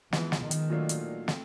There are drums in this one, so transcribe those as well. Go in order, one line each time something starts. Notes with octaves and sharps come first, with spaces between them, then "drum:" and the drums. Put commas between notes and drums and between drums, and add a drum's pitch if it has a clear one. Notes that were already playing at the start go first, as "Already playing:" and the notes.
E3 F3 G#3 B3, drum: snare
drum: snare
D#3
drum: hi-hat
A#2 F#3 A3 D4 F4
drum: hi-hat
A3 C4, drum: snare